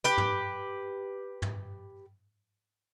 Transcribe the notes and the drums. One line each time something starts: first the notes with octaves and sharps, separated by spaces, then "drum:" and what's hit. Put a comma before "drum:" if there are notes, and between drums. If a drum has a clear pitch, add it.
G4 B4, drum: hi-hat
drum: tom
drum: tom